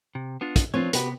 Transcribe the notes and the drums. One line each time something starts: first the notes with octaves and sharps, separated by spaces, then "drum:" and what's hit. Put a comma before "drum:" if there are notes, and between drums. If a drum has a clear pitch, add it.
C3
B3 D4 F4
drum: kick, hi-hat
F3 C4 D4 F4 B4 C#5
C3 B3 F#4 G4 B4, drum: hi-hat